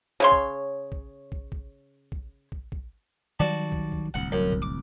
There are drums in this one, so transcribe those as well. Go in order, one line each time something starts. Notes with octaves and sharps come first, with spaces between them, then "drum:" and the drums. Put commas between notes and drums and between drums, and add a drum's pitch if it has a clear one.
C#3 C#5 C6
drum: kick
drum: kick
drum: kick
drum: kick
drum: kick
drum: kick
drum: kick
D#3 F#3 G3 F#4 D5 A5
drum: kick
drum: kick
D1 C2 F#5
F#2
drum: kick
D6